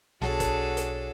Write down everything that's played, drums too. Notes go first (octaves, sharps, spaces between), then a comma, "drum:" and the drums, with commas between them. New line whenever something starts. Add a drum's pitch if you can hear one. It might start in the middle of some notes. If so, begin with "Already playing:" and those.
B1 D4 F#4 G#4 A4 C#5 F#5 A5, drum: snare
drum: kick, hi-hat
drum: hi-hat